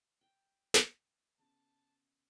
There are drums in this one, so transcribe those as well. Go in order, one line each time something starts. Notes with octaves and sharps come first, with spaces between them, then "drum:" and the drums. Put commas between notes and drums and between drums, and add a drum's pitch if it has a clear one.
G5
drum: snare
C#3 B3 A5